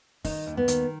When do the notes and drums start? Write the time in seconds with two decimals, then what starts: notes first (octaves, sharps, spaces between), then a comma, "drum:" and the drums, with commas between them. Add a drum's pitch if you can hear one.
0.25 D#3 D#4, drum: kick, open hi-hat
0.46 D#2
0.57 B3
0.68 D#3, drum: hi-hat